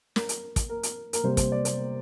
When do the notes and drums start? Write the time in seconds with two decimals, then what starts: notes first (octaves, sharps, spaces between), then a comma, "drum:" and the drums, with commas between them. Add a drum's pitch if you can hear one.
0.16 A#4, drum: snare
0.29 drum: hi-hat
0.56 drum: kick, hi-hat
0.69 A#4
0.83 drum: hi-hat
1.13 A#4, drum: hi-hat
1.24 C3 G3 A#3 C5
1.37 C5, drum: kick, hi-hat
1.52 D5
1.65 C5, drum: hi-hat